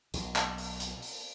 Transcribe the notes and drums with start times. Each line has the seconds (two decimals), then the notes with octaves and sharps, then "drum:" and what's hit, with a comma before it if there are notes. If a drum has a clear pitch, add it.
0.14 B1 B2, drum: hi-hat
0.36 drum: clap
0.58 drum: open hi-hat
0.80 drum: hi-hat
1.02 drum: open hi-hat